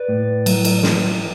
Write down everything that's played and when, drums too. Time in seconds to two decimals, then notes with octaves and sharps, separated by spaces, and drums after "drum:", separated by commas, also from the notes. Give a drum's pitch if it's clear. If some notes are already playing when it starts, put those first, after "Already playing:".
Already playing: B4 D5
0.09 A2
0.46 F#3, drum: cymbal
0.65 drum: cymbal
0.83 drum: snare